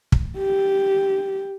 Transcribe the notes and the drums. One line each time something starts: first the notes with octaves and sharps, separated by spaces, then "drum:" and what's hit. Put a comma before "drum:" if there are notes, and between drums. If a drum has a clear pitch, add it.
drum: kick
G4